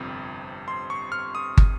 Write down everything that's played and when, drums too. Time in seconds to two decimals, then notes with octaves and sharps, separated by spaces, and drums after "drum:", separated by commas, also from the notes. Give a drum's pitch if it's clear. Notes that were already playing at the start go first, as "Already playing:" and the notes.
Already playing: G1 F2 C3
0.68 C6
0.90 C#6
1.12 F6
1.35 D#6
1.57 drum: kick